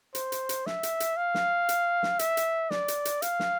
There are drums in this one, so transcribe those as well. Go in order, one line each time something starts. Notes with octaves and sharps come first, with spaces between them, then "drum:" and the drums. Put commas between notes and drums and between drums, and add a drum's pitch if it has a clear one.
C5, drum: hi-hat
drum: hi-hat
drum: hi-hat
E5, drum: snare
drum: hi-hat
drum: hi-hat
F5
drum: snare
drum: hi-hat
drum: snare
E5, drum: hi-hat
drum: hi-hat
D5, drum: snare
drum: hi-hat
drum: hi-hat
F5, drum: hi-hat
drum: snare